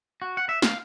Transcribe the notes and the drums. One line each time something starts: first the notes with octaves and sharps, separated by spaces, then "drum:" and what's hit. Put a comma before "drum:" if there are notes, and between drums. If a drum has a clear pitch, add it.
F#4
F#5
E5
F5, drum: snare